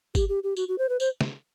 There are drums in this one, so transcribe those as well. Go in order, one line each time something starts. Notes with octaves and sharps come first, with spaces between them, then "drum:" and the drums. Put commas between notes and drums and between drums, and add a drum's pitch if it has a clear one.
G4, drum: kick G1, tambourine
G4
G4
F#4, drum: tambourine
F#4
C5
B4
C5, drum: tambourine
drum: snare